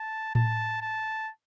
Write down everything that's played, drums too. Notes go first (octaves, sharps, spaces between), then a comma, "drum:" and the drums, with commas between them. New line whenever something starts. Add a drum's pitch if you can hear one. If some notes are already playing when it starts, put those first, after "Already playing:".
Already playing: A5
A5, drum: tom A2
A5